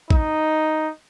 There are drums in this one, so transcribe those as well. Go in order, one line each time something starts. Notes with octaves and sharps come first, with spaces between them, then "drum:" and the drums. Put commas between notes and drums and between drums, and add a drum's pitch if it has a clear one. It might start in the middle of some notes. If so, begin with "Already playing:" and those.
D#4, drum: kick A1